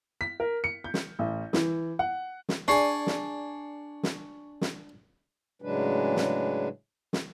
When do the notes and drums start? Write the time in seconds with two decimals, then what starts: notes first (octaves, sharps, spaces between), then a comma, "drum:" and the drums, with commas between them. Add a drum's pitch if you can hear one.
0.21 B6
0.40 A#4
0.64 C#7
0.84 G6
0.94 drum: snare
1.19 A1
1.53 E3, drum: snare
1.99 F#5
2.49 drum: snare
2.68 D4 G#4 D5 E5 G#5 C#6 C7
3.07 drum: snare
4.03 drum: snare
4.61 drum: snare
5.62 A2 C#3 F#3 G#3 D4 B4
6.16 drum: snare
7.13 drum: snare